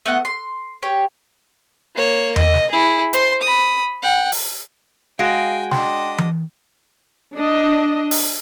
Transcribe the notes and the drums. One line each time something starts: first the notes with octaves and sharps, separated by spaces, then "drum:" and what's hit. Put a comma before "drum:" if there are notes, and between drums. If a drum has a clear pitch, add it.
A3 B3 D#5 F#5
C6
G4 C#5
A#3 C#5
D#5, drum: tom E2
drum: snare
E4 G#4
C5 C6, drum: hi-hat
B5 D#6
F#5 G5
drum: open hi-hat
G#3 F#4 F5 G5 G#5 C7 D7
D4 D#5 G5 C6, drum: snare
drum: tom E3
D4 D#5
drum: open hi-hat